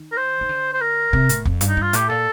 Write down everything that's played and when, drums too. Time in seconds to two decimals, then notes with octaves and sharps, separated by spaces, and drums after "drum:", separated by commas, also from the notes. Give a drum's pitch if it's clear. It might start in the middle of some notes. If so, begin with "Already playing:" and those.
Already playing: D#3
0.12 A#4
0.17 C5
0.41 D#3
0.49 D3
0.73 C5
0.81 A#4
1.13 C3, drum: kick
1.29 A2, drum: hi-hat
1.45 F2, drum: kick
1.61 G2, drum: hi-hat
1.68 D#4
1.77 G2 F4
1.93 A2 G4, drum: hi-hat
2.09 A#2 A4